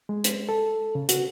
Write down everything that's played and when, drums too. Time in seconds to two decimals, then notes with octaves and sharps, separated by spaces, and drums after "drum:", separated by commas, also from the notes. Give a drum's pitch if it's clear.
0.09 G#3
0.24 drum: hi-hat
0.49 A4
0.95 C#3
1.09 F#4, drum: hi-hat